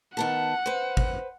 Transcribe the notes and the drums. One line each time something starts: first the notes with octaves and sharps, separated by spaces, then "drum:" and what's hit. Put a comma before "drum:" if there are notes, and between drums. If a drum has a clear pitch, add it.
D#3 B3 F#5 A5
B4 C5
drum: kick